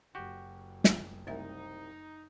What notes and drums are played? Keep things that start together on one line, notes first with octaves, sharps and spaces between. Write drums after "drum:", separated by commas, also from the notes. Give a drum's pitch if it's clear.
F#1 F#4 G4
drum: snare
C2 A3 D#4 A#4 E5